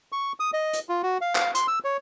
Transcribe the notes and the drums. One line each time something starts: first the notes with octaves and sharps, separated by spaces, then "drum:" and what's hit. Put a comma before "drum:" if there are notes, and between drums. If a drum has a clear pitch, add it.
C#6
D#6
D#5
drum: hi-hat
F4
F#4
F5
F5, drum: clap
C6, drum: hi-hat
E6
C#5